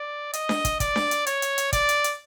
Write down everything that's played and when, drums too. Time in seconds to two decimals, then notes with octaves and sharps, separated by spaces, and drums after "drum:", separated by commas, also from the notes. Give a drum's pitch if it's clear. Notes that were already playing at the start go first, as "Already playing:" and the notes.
Already playing: D5
0.33 D#5, drum: hi-hat
0.49 drum: snare D4
0.65 drum: kick, hi-hat
0.80 D5, drum: kick, hi-hat
0.96 drum: snare D4
1.11 drum: hi-hat
1.27 C#5, drum: hi-hat
1.42 drum: hi-hat
1.58 drum: hi-hat
1.73 D5, drum: kick, hi-hat
1.89 drum: hi-hat
2.04 drum: hi-hat